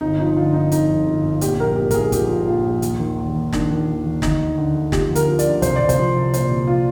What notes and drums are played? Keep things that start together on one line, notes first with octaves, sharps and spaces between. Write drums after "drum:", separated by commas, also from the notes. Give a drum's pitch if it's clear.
G1 D#4
F3 D#4
D3 F4
D3 D#4
F2 D#4, drum: hi-hat
G1
G1
G1
A#1 G4, drum: hi-hat
A#1 A#4
A#1 G4
A#4, drum: kick, hi-hat
G#2 G#4
F3 G4, drum: kick, hi-hat
F3
A#1 F4
A#1
D#2, drum: hi-hat
D#3
D#2
D#2
D#3 D4, drum: snare
D#3
D#2
D#2
D2 D#4, drum: snare
D2
D3
D2
F3 G4, drum: snare
D2
A#4, drum: hi-hat
F3
D5, drum: hi-hat
D3
C2 C5, drum: kick, hi-hat
C2 D5
C5, drum: kick, hi-hat
F3
C2
A#2 C5, drum: hi-hat
C2
F4